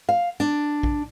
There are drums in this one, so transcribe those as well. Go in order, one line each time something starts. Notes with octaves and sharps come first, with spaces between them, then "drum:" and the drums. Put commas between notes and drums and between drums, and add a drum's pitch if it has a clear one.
F5
D4
drum: kick A#1